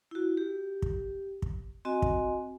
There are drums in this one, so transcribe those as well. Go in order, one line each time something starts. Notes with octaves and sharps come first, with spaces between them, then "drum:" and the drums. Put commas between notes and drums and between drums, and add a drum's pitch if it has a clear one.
E4 F#4
G4
drum: kick
drum: kick
C4 F#4 D#5 G#5
drum: kick